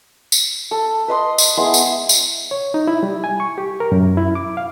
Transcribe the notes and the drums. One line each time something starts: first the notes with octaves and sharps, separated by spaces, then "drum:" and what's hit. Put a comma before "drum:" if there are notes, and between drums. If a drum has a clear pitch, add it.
drum: tambourine
A4
B4 D#5 C6
drum: tambourine
G#3 B3 E4 C6
drum: tambourine
drum: tambourine
C#5
D#4
E4
G3
G#5
C#6
G4
A#4
F#2
E4
D6
F5